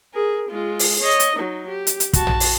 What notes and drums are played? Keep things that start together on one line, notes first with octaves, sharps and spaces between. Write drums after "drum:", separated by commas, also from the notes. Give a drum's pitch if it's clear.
G#4 A#4
G#3 F4
drum: open hi-hat
C#5 D#5
drum: hi-hat
F#3 D#4
G4
drum: hi-hat
drum: hi-hat
F#4 A5, drum: kick, hi-hat
drum: tom
drum: open hi-hat